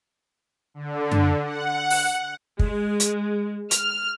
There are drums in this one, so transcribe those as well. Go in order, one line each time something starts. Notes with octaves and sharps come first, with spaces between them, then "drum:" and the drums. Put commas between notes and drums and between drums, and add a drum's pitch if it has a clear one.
D3
drum: tom F#2
F#5
drum: open hi-hat
G#3, drum: kick
drum: hi-hat
F6, drum: hi-hat